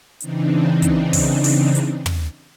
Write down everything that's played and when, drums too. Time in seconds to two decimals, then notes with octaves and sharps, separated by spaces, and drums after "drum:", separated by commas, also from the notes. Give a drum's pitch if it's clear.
0.20 C#3 E3 C4 D4 D#4, drum: hi-hat
0.82 drum: kick, hi-hat
1.13 drum: kick, open hi-hat
1.44 drum: open hi-hat
1.75 drum: hi-hat
2.06 drum: tom